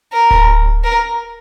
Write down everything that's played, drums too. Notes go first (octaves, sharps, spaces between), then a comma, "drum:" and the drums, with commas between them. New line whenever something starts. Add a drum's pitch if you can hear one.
A#4
drum: kick D1
A#4